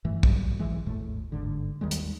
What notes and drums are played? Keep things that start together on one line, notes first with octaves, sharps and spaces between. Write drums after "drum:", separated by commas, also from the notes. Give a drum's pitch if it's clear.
A1 G2 E3 A3
G#1 F#3 G3, drum: kick
G#1 E3 G#3
G#1 D#2 A2 A3
G1 G#2 D3
D#2 D#3 G3 G#3
drum: hi-hat